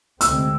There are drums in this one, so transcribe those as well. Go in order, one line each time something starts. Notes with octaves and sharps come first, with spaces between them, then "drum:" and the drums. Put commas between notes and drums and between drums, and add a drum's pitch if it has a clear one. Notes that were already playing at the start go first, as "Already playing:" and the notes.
D2 C3 G#3 C4 E6, drum: hi-hat